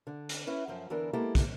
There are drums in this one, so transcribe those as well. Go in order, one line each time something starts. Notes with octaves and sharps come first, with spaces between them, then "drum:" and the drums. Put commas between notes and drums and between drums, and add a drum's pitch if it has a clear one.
D3 D4
drum: hi-hat
C#4 E4 B4
F#2 F3
E2 D3 E3 D4 A#4
G#3 A#3 B3 E4 G4 A4
drum: kick, hi-hat